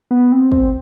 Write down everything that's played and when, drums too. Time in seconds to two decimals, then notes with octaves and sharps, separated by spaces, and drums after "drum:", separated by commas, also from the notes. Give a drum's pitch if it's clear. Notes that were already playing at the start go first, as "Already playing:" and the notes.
0.11 B3
0.32 C4
0.52 C4, drum: kick